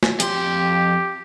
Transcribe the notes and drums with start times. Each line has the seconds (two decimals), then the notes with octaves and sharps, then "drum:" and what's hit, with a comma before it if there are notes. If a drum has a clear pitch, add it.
0.03 drum: snare
0.20 F2 G4 C6, drum: hi-hat